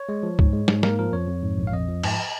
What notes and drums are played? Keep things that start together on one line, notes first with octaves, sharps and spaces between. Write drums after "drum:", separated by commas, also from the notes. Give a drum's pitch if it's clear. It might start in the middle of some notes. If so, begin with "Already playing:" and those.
Already playing: C#5
G#3
F3
G#2, drum: kick C#2
G#3
G#2, drum: snare
A#3 A#4, drum: snare
F3 A#4
F2 C#5
F2
G#2
A#1
F5
F2 D#5
F3
G#2, drum: cymbal